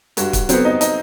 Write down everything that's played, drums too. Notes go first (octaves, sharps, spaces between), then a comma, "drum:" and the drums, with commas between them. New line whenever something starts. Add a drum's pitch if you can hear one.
G2 F#4, drum: hi-hat
drum: kick, hi-hat
F#3 B3 C4, drum: hi-hat
D#4
D#4, drum: hi-hat